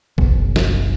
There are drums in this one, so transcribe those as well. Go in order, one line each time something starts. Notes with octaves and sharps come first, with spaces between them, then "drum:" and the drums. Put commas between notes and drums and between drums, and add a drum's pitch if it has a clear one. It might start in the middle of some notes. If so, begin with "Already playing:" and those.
F#1 B1, drum: kick A#1
drum: snare